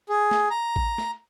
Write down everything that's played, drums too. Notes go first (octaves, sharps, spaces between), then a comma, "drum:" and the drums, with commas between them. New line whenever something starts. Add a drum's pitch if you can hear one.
G#4
drum: snare
A#5
drum: kick A1
drum: snare